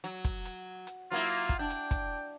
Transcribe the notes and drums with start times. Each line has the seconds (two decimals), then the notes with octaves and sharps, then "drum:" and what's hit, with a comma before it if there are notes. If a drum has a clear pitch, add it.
0.04 F#3, drum: hi-hat
0.25 drum: kick, hi-hat
0.45 drum: hi-hat
0.87 drum: hi-hat
1.12 F#3 A#3 E4 F4
1.49 drum: kick
1.59 D4 G5
1.70 drum: hi-hat
1.91 drum: kick, hi-hat